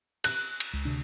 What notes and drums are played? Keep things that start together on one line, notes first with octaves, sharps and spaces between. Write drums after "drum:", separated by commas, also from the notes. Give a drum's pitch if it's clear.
F#6, drum: cymbal
drum: cymbal
C#2
D2 C3 D4